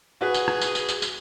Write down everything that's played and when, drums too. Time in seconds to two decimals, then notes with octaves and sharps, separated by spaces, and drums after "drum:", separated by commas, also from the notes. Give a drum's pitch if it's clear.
0.21 F#4 G#4 B4
0.34 drum: tambourine
0.48 drum: rim click
0.61 drum: tambourine
0.75 drum: tambourine
0.89 drum: tambourine
1.02 drum: tambourine